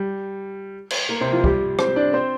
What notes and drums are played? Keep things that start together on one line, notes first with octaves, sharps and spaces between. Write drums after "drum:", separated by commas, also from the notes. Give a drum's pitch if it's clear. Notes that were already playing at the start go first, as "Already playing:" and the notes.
Already playing: G3
drum: cymbal
A#3
C3 C4
F3 F4
G3 G4, drum: kick
C4 C5, drum: rim click
D4 D5
C4 C5